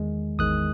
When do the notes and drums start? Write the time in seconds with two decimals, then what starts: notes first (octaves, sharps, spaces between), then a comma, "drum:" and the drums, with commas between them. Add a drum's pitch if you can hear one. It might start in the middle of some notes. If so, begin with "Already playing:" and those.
Already playing: E2 D#3 G#3
0.39 E2 D#3 G#3 D#6 F#6, drum: kick A1